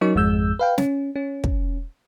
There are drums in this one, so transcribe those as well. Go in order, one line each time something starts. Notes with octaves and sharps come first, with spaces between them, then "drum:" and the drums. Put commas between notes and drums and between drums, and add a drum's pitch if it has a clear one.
F#3 C#4 D#4 A#4 C#6
G#1 F2 G#3 E6 G6
B4 F5 G5
C#4, drum: snare
C#4
drum: kick